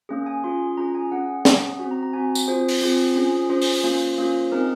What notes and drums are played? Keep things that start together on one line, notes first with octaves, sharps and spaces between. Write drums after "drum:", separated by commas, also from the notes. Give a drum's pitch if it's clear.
A#3 C#4 G#4
G#5
C#4 F4 G#4 C6
C#4 F4 G#4 A#5
G#5
C#4 G#4 F#5
C#4 G#4, drum: snare
C4 F#4
A#5
A#5
C4 F#4 G#5
drum: tambourine
C4 F4 G#4 C5
drum: open hi-hat
C4 F4 G#4
C#4 F4 G#4
C#4 F4 G#4 C5
drum: open hi-hat
A#3 C#4 F4
A#3 C#4 F4
C4 D#4 G#4 A#4